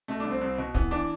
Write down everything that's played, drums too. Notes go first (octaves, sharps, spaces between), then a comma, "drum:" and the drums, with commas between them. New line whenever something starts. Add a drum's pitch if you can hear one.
B2 A3
C2 D4
C4
C2
B2
E3 B3, drum: kick
E3 D4